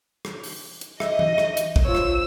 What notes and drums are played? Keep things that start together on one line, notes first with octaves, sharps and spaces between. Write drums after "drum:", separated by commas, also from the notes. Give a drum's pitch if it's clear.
drum: rim click
drum: open hi-hat
drum: hi-hat
D#5 E5, drum: rim click
drum: tom E3
drum: rim click
drum: hi-hat
drum: kick
F4 C5 C#5 E6
drum: rim click